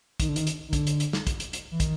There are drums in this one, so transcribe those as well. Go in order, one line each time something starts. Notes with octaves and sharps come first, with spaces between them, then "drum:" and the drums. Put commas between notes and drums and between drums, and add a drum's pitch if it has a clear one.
D#3, drum: kick, hi-hat
D3
D#3, drum: hi-hat
drum: hi-hat
D#3
D3, drum: kick, hi-hat
drum: hi-hat
drum: hi-hat
drum: snare
drum: kick, hi-hat
drum: hi-hat
drum: hi-hat
E3
D#3, drum: kick, hi-hat